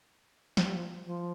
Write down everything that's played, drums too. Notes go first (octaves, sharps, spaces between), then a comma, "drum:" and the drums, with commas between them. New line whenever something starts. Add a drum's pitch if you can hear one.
F3, drum: snare
G3
F3
F3